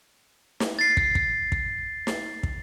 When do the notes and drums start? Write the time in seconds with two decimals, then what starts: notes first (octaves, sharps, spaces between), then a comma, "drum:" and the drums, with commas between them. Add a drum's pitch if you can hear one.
0.60 drum: snare
0.79 A6 C7
0.97 drum: kick
1.15 drum: kick
1.52 drum: kick
2.07 drum: snare
2.43 drum: kick